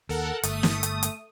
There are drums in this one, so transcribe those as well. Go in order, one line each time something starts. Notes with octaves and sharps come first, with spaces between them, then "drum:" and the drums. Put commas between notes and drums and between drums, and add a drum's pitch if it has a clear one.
D#2 A4 A#4 F#5
G1 A3 D#6, drum: hi-hat
drum: snare
drum: hi-hat
drum: hi-hat